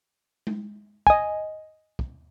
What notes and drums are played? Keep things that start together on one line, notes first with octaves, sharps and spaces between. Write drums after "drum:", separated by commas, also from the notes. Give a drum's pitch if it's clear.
drum: tom G#3
D#5 G#5, drum: kick
drum: kick